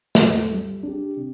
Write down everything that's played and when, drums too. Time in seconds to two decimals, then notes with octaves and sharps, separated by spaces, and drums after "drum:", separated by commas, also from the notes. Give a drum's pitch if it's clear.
0.15 F#3 A3, drum: snare
0.50 G3
0.83 D4 G4
1.17 C3